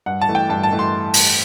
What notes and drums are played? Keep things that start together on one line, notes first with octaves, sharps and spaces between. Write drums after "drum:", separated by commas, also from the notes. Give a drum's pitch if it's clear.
G2 F#5
A5
E3 A3
G5
G2 A5
A5
E3 A3
C6
drum: open hi-hat